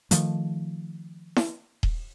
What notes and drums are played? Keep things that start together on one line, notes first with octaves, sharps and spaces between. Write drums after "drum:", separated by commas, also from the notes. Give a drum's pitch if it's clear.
D#3 F3 A3, drum: hi-hat
drum: snare E4
drum: kick D#1